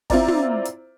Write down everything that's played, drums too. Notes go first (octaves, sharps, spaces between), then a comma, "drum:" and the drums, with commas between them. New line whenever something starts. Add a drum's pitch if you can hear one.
C4 E4 F4 C5 D5 A#5, drum: kick G1, open hi-hat
drum: tom
drum: hi-hat